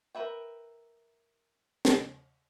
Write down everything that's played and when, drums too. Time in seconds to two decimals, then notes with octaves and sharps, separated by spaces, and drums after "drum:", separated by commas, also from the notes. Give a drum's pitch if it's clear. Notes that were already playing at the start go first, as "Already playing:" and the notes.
0.15 A#4 B4 E5 G5
1.85 drum: snare